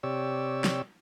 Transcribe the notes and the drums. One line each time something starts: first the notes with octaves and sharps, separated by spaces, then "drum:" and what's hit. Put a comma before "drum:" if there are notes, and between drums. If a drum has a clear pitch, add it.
C3 G4 C#5 D5 E6
drum: snare